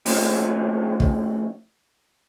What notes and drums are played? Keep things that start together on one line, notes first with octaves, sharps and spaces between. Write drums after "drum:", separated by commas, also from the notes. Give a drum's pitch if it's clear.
A2 F3 C4 C#4 D#4, drum: open hi-hat
drum: kick